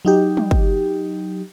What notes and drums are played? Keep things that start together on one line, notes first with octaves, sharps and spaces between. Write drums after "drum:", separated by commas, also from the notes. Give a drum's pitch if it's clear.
F#3 D#4 G4
drum: tom
drum: kick